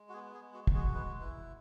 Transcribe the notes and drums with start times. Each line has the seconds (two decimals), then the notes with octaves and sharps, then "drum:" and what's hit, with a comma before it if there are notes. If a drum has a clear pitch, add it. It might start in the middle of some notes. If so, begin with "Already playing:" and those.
Already playing: G#3
0.09 F#4
0.13 B3 G#4
0.34 G#4
0.41 G#3
0.54 F#4
0.67 F#4, drum: kick
0.75 G#4
0.94 G#3 B4
1.21 E4 B4